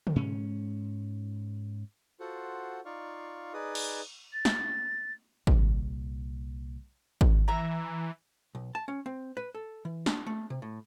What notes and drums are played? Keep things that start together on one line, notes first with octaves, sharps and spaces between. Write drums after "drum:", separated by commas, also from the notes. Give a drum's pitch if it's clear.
drum: tom
G#2 C#4
F4 F#4 A4 C5 F#5
D#4 F4 D5 F5 C#6
D#4 G#4 B4 D5 D#5 D#6
drum: cymbal
A6
drum: snare
C2 A#2, drum: kick G#1
drum: kick G#1
E3 E5 A#5
B1
A5
C#4
C4
B4
A4
E3
D4, drum: snare
A3
C3
A2